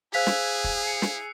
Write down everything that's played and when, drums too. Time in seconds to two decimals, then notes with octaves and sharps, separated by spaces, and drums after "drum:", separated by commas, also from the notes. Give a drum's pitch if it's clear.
0.14 E4 G#4 C5 F5 E6 F#6 B6 F7
0.27 drum: snare
0.64 drum: kick
0.83 C7 C#7
1.02 drum: snare